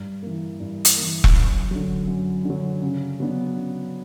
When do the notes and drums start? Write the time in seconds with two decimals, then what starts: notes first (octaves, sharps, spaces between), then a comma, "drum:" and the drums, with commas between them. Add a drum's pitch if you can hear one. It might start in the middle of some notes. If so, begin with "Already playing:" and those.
Already playing: G2
0.23 E3 A#3
0.60 G2
0.85 drum: hi-hat
0.97 E3 A#3
1.24 drum: kick E1
1.34 F#2
1.71 D3 F#3
2.08 F#2
2.45 D3
2.50 F#3
2.82 C#3
3.20 F#3 B3 D4
3.57 C#3